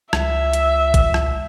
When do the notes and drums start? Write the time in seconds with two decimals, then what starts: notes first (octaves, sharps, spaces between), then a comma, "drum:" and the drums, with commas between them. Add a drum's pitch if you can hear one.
0.13 C#2 E5, drum: rim click
0.53 drum: hi-hat
0.94 drum: kick G#1, hi-hat
1.14 drum: rim click